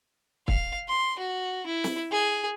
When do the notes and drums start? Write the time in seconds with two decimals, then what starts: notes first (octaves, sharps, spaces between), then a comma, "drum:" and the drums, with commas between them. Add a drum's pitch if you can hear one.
0.48 F5, drum: kick
0.88 C6
1.19 F#4
1.67 E4
1.84 drum: snare
2.12 G#4